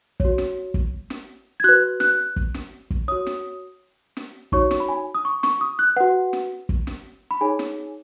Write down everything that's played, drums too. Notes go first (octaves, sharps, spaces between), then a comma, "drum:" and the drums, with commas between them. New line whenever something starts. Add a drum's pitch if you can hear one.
F#4 C#5, drum: kick
drum: snare
drum: kick
drum: snare
G#6
F#4 B4 F#6
F#6, drum: snare
drum: kick
drum: snare
drum: kick
F#4 C#5 D#6
drum: snare
drum: snare
D#4 F#4 C#5 C#6, drum: kick
drum: snare
B5
G#5
D#6
C#6
C#6, drum: snare
D#6
F#6
F#4 B4 F#5
drum: snare
drum: kick
drum: snare
B5
D#4 G#4 C#5 G#5
drum: snare